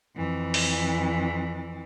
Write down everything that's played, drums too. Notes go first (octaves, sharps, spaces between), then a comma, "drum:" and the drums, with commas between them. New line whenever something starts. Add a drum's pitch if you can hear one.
F2 E3
drum: open hi-hat